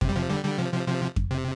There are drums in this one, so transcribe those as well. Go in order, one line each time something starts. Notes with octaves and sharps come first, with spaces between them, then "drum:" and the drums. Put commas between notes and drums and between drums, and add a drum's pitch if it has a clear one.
C3, drum: kick F2
G3
C3 F3
D3 G3
D3 G3
C3 F3
C3 F3
C3 F3
drum: kick F2
C3